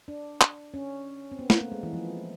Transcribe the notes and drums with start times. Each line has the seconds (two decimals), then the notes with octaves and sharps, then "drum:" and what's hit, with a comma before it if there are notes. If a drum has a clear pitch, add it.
0.08 D4
0.41 drum: clap
0.74 C#4
1.32 C4
1.39 B3
1.50 A#3, drum: snare
1.61 A3
1.72 G#3
1.83 E3
1.93 F3